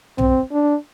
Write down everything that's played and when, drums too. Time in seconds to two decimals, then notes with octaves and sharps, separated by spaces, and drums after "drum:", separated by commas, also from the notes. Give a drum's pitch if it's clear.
0.18 C4, drum: tom B1
0.52 D4